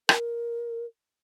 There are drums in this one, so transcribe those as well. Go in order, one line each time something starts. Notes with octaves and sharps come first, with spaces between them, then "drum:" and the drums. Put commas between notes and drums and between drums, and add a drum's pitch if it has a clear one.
A#4, drum: rim click